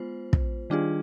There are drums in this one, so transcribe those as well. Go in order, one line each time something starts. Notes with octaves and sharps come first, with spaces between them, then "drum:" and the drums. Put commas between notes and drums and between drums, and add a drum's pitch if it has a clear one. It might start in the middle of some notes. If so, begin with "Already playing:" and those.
Already playing: G#3 B3 F4 C5
drum: kick
D#3 G3 D4 F4 G#4